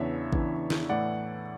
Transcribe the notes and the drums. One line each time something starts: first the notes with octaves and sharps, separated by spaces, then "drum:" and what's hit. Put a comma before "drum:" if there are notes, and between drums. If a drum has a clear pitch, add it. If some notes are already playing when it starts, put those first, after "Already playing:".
Already playing: E2 C#3 E3 B3 D4 C#5 E5
E2 C#3 E3 B3 D4, drum: kick A1
drum: snare
A2 E3 A3 E4 D5 F#5